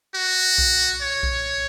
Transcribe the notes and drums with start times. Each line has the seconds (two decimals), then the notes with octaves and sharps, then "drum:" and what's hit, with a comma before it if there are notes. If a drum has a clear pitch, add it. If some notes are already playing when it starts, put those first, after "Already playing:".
0.15 F#4
0.58 drum: kick B1
1.02 C#5
1.23 drum: kick B1